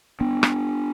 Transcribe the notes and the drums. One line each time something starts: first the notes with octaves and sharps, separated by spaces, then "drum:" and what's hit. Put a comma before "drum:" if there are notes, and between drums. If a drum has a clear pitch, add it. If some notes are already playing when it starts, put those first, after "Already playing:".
B3 D4
drum: rim click